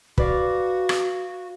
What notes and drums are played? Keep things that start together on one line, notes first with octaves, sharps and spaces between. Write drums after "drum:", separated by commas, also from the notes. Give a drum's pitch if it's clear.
F#4 B4 D5 F5, drum: kick
drum: rim click